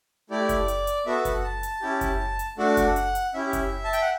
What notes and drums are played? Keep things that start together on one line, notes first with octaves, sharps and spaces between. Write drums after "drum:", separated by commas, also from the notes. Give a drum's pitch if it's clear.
A3 E4 G4 D5
drum: kick F#1, hi-hat
drum: hi-hat
drum: hi-hat
B3 F#4 A4 E5
F#5, drum: kick F#1, hi-hat
A5
drum: hi-hat
C#4 E4 G4
drum: kick F#1, hi-hat
drum: hi-hat
A3 D4 F#4 A4 F#5
drum: kick F#1, hi-hat
drum: hi-hat
drum: hi-hat
C#4 E4 G4 E5
drum: kick F#1, hi-hat
A5
G5, drum: hi-hat
F#5